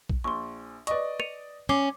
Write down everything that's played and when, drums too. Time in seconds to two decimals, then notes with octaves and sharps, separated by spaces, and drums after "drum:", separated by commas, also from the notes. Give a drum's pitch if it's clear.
0.09 drum: kick
0.24 A#1 C6 C#6
0.87 B4 D5 D#5 C#6, drum: hi-hat
1.20 C#7 D#7 F7, drum: rim click
1.69 C#4 D6 C7 G7